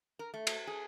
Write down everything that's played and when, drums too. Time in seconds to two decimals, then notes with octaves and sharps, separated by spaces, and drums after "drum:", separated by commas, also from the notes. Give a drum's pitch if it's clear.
0.19 A#4
0.34 A3
0.47 drum: cymbal
0.67 G#4